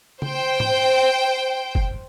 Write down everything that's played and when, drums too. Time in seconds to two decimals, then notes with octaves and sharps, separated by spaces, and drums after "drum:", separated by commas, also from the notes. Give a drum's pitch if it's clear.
0.22 C5 G5, drum: tom C#3
0.60 drum: tom
1.75 drum: kick